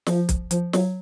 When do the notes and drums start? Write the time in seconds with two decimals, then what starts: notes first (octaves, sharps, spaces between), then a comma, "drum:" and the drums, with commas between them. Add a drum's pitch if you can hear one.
0.07 F3, drum: snare
0.29 drum: kick, hi-hat
0.51 F3, drum: hi-hat
0.73 F#3, drum: snare